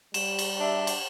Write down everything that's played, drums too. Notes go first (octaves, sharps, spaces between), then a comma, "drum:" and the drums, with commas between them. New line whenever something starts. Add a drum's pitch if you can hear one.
G3 E7, drum: cymbal
drum: cymbal
D4 E5
drum: cymbal